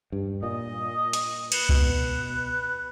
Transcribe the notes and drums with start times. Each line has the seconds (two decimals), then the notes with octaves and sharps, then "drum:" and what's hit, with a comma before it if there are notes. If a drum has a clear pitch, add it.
0.12 G2
0.43 A#2 D#5
1.13 drum: hi-hat
1.52 B4, drum: cymbal
1.69 B2, drum: kick C#2